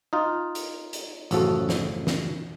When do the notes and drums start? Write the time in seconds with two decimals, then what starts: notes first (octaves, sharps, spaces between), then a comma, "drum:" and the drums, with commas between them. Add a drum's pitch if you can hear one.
0.13 D#4 F4
0.55 drum: hi-hat
0.93 drum: hi-hat
1.31 A1 F#2 C#3 F3 F#4 A4, drum: hi-hat
1.69 drum: snare
2.07 drum: snare